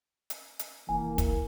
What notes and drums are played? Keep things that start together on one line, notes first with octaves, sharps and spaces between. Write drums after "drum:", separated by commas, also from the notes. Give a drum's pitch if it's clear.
drum: hi-hat
drum: hi-hat
F1 E3 A#3 G#5
drum: kick, hi-hat